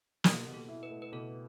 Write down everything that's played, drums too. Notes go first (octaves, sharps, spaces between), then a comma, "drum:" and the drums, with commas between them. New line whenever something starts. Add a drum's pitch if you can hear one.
B2 G4, drum: snare
B2
A4
E4
B4
A3
B4
B2 A4